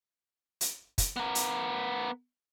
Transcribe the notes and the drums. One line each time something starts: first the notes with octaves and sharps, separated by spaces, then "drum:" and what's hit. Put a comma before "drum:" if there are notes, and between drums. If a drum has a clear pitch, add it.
drum: hi-hat
drum: kick, hi-hat
B3 A#4
drum: hi-hat